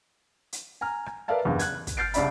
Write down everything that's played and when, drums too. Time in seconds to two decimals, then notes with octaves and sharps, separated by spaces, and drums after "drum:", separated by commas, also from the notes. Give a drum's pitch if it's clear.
0.53 drum: hi-hat
0.81 G#5 A#5 F6
1.06 drum: rim click
1.28 A#4 B4 D5 E5 F5 A5
1.45 F#1 E2 G2 C#3
1.59 F#6 G#6, drum: hi-hat
1.87 drum: kick, hi-hat
1.97 F6 G6 A6 C7 D7
2.14 C2 C#3 D4 D5 E5 B5, drum: hi-hat